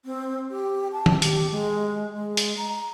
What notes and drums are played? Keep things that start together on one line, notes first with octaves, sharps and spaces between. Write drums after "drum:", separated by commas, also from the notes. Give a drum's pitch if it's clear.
C4
G4
A5
drum: tom D#3
G4, drum: hi-hat
G#3
G#3
drum: hi-hat
A#5